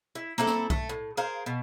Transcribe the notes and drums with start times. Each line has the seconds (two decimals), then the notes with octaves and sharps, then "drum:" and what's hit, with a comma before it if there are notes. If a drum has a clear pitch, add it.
0.15 E4
0.38 A#3 C4 E4 A4
0.47 drum: snare
0.70 A3, drum: kick B1
0.89 A2
1.17 G#4 A#4 C5 F5
1.46 B2